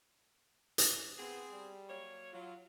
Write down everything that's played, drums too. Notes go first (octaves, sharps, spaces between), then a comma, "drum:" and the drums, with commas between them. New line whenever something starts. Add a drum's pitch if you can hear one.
drum: hi-hat
B3 C4 G#4
G3
F#3 A#3 C#5
F#3 F4